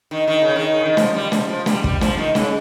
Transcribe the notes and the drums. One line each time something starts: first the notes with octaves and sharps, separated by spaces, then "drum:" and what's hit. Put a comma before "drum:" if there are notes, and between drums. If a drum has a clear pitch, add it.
D#3
D#3
C#3
D#3
C#3
D#3
F3, drum: snare
G3
F3, drum: snare
F3
G3, drum: snare
G3, drum: kick
F3, drum: snare
D#3
C#3, drum: snare